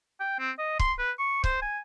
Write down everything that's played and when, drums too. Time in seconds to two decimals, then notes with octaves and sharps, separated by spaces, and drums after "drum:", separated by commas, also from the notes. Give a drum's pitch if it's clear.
0.20 G5
0.39 C4
0.58 D#5
0.79 C6, drum: kick C#1
0.99 B4
1.19 C#6
1.44 C5, drum: kick C#1
1.62 G#5